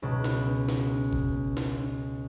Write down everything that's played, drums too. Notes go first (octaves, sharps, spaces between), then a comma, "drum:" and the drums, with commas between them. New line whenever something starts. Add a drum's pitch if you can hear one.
C#2 B2
drum: snare
drum: snare
drum: kick G1
drum: snare